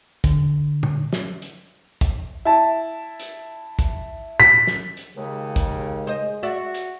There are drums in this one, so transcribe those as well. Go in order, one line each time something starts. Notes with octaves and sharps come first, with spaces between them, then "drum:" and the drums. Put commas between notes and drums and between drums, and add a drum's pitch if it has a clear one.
D3, drum: kick, hi-hat
drum: tom
drum: snare
drum: hi-hat
drum: kick, hi-hat
E4 A5
drum: hi-hat
drum: kick, hi-hat
B6, drum: tom
drum: snare
drum: hi-hat
D#2 C#3 G#3
drum: kick, hi-hat
C5 D#5
F#4 D5 E5
drum: hi-hat